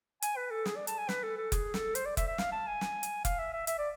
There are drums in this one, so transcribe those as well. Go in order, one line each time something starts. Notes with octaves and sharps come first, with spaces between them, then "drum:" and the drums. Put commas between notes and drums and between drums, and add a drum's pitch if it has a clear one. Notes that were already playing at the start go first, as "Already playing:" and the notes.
G#5, drum: hi-hat
B4
A4
G#4, drum: snare
D5
A5, drum: hi-hat
G#5
B4, drum: snare
A4
A4
G#4, drum: kick F1, hi-hat
A4, drum: snare
C5, drum: hi-hat
D5
E5, drum: kick F1, hi-hat
E5
F5, drum: snare
A5
G#5
drum: snare
drum: hi-hat
F5, drum: kick F1, hi-hat
E5
E5
E5, drum: hi-hat
D5